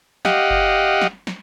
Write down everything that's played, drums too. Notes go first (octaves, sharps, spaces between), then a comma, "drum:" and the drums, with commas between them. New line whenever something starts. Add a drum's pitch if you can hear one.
G4 D#5 F5 F#5, drum: snare
drum: kick G1
drum: snare
drum: snare